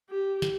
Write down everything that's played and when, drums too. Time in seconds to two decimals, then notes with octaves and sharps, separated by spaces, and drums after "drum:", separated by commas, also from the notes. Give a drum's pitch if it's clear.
0.10 G4
0.42 drum: snare